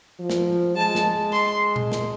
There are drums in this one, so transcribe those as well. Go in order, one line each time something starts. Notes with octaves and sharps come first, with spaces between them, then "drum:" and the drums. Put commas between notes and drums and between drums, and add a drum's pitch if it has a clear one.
F3
drum: snare
G#3 A5
drum: snare
C6
drum: tom A#2
drum: snare